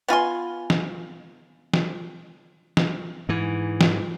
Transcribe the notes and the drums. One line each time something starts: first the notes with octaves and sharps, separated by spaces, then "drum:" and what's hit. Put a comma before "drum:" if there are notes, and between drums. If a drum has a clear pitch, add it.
B3 F4 G#5 C6
drum: snare
drum: snare
drum: snare
G#2 E3
drum: snare